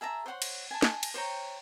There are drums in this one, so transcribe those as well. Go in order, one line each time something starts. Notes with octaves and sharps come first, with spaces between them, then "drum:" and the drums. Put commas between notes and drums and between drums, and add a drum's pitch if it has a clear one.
G#4 E5 A5 A#5
C5 C#5 F#5 C6
drum: cymbal
G#5 A5
drum: snare
drum: cymbal
C5 C#5 G5 A#5